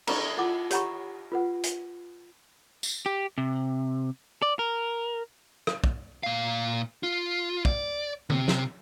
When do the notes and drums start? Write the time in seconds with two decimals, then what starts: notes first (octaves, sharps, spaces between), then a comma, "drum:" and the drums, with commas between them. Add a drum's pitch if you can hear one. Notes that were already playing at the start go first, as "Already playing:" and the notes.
0.07 A#5 B5 C#6, drum: cymbal
0.37 E4 F4 F#5 D6
0.70 G4 C#5 F#5 A#5 B5 C#6, drum: hi-hat
1.32 F4 B4 F#5
1.63 drum: hi-hat
2.83 drum: tambourine
3.06 G4
3.38 C3
4.42 D5
4.59 A#4
5.67 drum: rim click
5.84 drum: kick
6.23 A#2 F5
7.03 F4
7.65 D5, drum: kick
8.30 C3, drum: tom D3
8.48 drum: snare